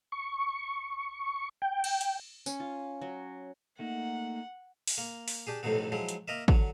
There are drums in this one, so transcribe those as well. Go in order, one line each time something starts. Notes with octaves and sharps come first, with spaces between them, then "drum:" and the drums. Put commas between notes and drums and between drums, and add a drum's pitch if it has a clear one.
C#6
G5
drum: cymbal
drum: hi-hat
C#4, drum: tambourine
F4
F#3
A3 A#3 D#4 F#5
drum: open hi-hat
A#3
drum: open hi-hat
D4 G4 G#4
B1 F2 A2 C3 D#3 B3
F3 F#3 G#3 E4
drum: hi-hat
A#3 A#4 D#5 E5
D3 F#3, drum: kick